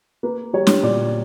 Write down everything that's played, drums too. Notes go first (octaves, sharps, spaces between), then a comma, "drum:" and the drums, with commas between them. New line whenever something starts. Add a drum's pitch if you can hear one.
A#3 B4
G3 C#5
drum: snare
A#2 D5